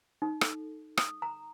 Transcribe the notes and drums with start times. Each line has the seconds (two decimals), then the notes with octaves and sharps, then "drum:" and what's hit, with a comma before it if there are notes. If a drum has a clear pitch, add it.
0.22 D#4
0.41 A4, drum: rim click
0.97 D#6, drum: rim click
1.22 A#5